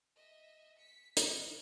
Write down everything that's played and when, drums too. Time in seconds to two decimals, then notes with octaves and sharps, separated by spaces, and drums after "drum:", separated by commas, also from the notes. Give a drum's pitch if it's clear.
0.15 D#5 E5
0.77 B6 C#7
1.17 F#6 C#7, drum: hi-hat